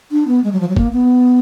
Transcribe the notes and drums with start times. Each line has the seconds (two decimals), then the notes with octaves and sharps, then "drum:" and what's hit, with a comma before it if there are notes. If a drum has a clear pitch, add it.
0.12 D4
0.28 B3
0.44 G#3
0.53 F#3
0.60 F3
0.69 F#3
0.77 A#3, drum: kick
0.93 B3